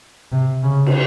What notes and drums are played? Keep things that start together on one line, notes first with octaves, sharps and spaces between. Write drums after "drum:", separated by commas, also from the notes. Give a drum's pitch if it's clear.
C3
C#3
drum: cymbal